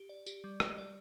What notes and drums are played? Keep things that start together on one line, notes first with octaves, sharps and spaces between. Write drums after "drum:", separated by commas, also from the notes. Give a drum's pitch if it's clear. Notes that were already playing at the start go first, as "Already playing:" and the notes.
Already playing: G4
D5
G4, drum: tambourine
G3
G4, drum: rim click
D5